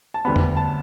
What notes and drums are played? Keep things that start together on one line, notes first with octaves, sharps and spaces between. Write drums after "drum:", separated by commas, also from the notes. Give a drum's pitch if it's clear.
A5
D2 D3 G3 B3 B5
drum: tom E2
A5